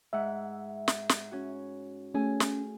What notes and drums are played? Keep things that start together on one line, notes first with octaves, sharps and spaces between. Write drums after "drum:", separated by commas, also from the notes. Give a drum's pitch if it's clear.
G#2 E5 F#5
drum: snare
drum: snare
C#4 F#4
A3 C#4 G#4 G#5
drum: snare